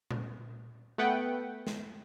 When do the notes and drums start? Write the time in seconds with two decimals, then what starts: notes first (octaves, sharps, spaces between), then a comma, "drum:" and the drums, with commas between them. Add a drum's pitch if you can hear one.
0.11 drum: tom A#2
0.98 A3 B3 B4 F#5 G5
1.67 drum: snare